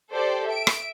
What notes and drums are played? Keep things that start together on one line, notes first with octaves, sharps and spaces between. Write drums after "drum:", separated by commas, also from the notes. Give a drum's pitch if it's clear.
G4 A4 C5 D5
E5 D7
drum: rim click